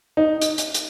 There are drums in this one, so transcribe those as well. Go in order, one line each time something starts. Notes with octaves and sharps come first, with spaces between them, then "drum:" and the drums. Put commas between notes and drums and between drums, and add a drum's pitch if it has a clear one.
D#4
drum: hi-hat
drum: hi-hat
drum: hi-hat